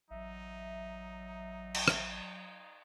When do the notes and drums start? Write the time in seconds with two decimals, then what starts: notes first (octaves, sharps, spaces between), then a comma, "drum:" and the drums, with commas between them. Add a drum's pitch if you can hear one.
0.11 A1 F#3 D#4 E5
1.74 drum: cymbal
1.88 drum: rim click